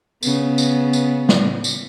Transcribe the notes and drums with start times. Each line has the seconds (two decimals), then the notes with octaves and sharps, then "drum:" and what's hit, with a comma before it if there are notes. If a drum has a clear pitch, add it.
0.23 C#3 B3, drum: tambourine
0.58 drum: tambourine
0.93 drum: tambourine
1.29 drum: snare
1.64 drum: tambourine